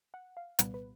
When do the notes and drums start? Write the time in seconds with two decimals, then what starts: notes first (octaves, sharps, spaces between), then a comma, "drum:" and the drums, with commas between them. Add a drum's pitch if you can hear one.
0.14 F#5
0.37 F5
0.59 C2 A#2 G3 B3 B4, drum: hi-hat
0.74 B4